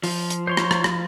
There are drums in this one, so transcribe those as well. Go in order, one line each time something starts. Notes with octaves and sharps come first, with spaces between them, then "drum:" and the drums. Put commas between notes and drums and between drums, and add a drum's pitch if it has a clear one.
F3, drum: open hi-hat
drum: hi-hat
C5 C#5 C6
drum: rim click
drum: rim click
drum: rim click